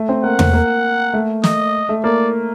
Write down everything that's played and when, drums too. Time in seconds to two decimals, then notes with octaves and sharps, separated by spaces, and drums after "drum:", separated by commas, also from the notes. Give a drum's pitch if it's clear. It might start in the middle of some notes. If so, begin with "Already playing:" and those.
Already playing: A3
0.09 C4
0.24 A#3 F#5
0.39 C4, drum: tom E2
0.53 A#3
1.14 A3
1.44 D#5, drum: snare
1.89 A3
2.03 A#3 D5